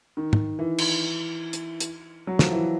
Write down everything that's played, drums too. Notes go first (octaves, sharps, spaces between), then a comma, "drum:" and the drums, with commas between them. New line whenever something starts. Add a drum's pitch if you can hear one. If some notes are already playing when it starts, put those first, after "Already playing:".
D#3
drum: tom
E3
drum: cymbal
drum: hi-hat
drum: hi-hat
F#3
F3, drum: snare
E3